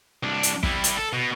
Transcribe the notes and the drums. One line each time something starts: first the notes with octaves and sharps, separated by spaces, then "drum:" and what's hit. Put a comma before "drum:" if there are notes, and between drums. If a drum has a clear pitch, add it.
C2 D4
drum: hi-hat
G3 E4, drum: kick
drum: hi-hat
A4
B2